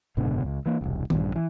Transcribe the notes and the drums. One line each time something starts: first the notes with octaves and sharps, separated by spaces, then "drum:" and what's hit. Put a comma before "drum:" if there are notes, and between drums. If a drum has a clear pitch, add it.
F#1 G#2 B2 D3
C#2
E3 A#3
E1 C2
A#1 G2, drum: tom D#3
E3